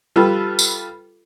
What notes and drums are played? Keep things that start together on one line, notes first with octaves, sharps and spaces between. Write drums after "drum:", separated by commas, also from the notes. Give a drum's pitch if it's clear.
G3 F4 A4 B4
drum: tambourine